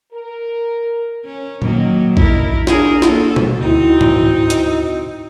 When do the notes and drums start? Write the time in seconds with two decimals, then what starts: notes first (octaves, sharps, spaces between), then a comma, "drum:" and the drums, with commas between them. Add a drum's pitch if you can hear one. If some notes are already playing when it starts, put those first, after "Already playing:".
0.12 A#4
1.25 C#4
1.62 D#3 F#3 A#3, drum: tom A#2
2.17 D#4 E4 A#4, drum: kick A#1
2.67 D4 G#4 A#4, drum: snare
3.02 A#3 A4, drum: snare
3.36 drum: tom B2
3.62 D2 C4 D#4 E4 F#4
4.01 drum: tom G#2
4.50 drum: hi-hat